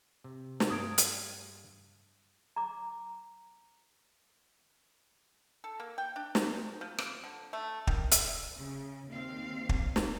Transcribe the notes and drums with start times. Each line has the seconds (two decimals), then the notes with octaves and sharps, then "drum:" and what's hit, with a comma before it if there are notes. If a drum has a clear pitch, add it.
0.24 C3
0.60 drum: snare
0.70 G2 D#6 G#6 D7
0.98 drum: hi-hat
2.56 A#5 D6
5.64 A4
5.80 A#3
5.98 G5
6.16 D4
6.35 D#4, drum: snare
6.81 F3
6.98 F3, drum: rim click
7.24 D3
7.53 A3
7.87 D#3, drum: kick
8.11 E5, drum: hi-hat
8.58 C#3
9.09 D#2 C4 F5
9.69 drum: kick
9.96 drum: snare